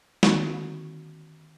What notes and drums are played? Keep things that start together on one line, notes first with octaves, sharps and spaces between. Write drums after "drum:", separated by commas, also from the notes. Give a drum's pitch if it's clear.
D3 D#3 A#3 C4 F#4 C#6, drum: snare